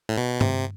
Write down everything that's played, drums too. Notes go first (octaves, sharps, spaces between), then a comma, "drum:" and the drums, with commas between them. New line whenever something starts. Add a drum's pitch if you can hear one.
A2
B2
C3, drum: tom G2